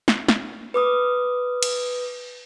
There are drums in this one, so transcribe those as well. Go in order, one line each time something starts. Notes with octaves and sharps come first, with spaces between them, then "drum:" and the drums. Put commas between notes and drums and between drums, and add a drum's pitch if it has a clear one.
drum: snare
drum: snare
B4 D6 D#6
drum: cymbal